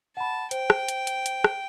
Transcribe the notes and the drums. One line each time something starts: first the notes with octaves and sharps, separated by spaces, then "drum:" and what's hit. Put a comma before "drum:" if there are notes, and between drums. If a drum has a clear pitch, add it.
F#5 A5 B5
C5 G5, drum: hi-hat
drum: rim click
drum: hi-hat
drum: hi-hat
drum: hi-hat
drum: rim click